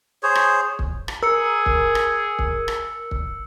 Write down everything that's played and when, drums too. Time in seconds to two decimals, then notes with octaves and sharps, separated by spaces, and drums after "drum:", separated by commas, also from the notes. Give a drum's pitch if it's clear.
0.23 G#4 C5 C#5
0.35 drum: rim click
0.79 drum: kick
1.08 drum: rim click
1.23 G#4 A#4 E6 C#7
1.66 drum: kick
1.95 drum: rim click
2.39 drum: kick
2.68 drum: rim click
3.11 drum: kick